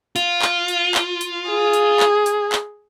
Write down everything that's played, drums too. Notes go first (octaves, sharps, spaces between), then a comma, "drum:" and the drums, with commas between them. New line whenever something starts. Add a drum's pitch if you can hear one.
F4, drum: hi-hat
drum: clap
drum: hi-hat
drum: clap
drum: hi-hat
G#4
drum: hi-hat
drum: clap
drum: hi-hat
drum: clap